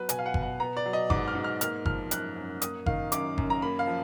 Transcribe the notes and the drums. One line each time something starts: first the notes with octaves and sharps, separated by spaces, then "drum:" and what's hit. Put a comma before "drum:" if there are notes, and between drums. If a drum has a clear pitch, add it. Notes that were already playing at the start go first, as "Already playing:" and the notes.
Already playing: F#3 B3 B4
B2 G#5, drum: hi-hat
F5
F#5
B2, drum: kick G1
F#5
B3 A#5
D5
F#3
D#5
G#2 D6, drum: kick G1
F6
G#2
F6
A#3 F6, drum: hi-hat
F3 F6, drum: kick G1
F#2 F#6, drum: hi-hat
F#2
A#3 D#6, drum: hi-hat
D#3 F5, drum: kick G1
F#2 D6, drum: hi-hat
F#2, drum: kick G1
A#5
A#3 B5
F5
F3